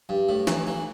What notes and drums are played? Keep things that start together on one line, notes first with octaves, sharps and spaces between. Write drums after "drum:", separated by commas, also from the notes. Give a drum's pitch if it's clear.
G2
A2
E3, drum: snare
E3